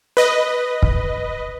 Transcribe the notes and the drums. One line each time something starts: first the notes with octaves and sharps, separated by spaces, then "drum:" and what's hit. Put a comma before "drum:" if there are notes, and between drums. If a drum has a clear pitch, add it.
B4 D#5
drum: kick